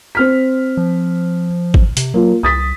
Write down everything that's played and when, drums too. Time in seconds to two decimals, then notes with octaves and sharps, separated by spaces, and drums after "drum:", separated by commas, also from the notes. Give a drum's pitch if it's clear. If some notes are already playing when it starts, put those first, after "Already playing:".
0.15 C4 F6 B6
0.77 F3
1.74 drum: kick
1.97 C3, drum: hi-hat
2.14 F#3 A#3 F4
2.43 C2 D#6 A6 B6